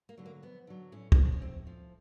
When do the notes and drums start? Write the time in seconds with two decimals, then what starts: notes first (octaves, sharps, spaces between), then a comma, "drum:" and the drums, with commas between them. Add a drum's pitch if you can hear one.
0.09 A#3
0.18 D3 F#3
0.26 A#3
0.42 F2 B3
0.67 D3 F#3
0.92 A2 C#4
1.12 D#4, drum: kick
1.17 F3 D4
1.32 C#4
1.42 A2 C4
1.67 F3